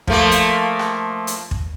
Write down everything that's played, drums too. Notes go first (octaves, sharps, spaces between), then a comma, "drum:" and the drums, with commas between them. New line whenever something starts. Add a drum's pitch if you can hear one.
F3 A3 A#3, drum: kick
drum: hi-hat
drum: rim click
drum: hi-hat
drum: kick